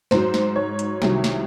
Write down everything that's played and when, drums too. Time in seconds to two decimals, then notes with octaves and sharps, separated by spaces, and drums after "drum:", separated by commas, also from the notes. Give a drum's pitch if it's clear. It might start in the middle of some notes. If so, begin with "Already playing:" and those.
0.11 G#2 F#3 C5, drum: snare
0.34 drum: snare
0.56 C#5
0.79 drum: hi-hat
1.02 C2 C3 D#3 F#3, drum: snare
1.24 drum: snare